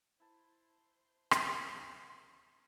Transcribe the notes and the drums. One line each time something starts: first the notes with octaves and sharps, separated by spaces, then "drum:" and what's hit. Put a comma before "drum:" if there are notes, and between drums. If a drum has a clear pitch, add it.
E4 C5 A5
drum: rim click